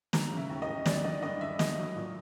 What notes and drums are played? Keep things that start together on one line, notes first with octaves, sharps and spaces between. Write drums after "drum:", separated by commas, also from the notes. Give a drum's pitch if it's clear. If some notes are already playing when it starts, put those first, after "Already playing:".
F#3 A#5, drum: snare
C#3
E5
D#2
D#5
D#2
F#3 D5, drum: snare
D3 D#5
G2 D#5
G2 E5
A3 D#5, drum: snare
F#3
A#2